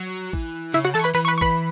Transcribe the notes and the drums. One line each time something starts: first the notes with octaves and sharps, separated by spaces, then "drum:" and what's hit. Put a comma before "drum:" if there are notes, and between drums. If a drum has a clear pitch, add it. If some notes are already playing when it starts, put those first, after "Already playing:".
Already playing: F#3
E3, drum: kick A1
C#3 E4 E5
F#4 F#5
E3 A4 A5
C#6
B4 B5
E3 B4 B5
C#6
B4 B5
C#6
B4 B5, drum: kick A1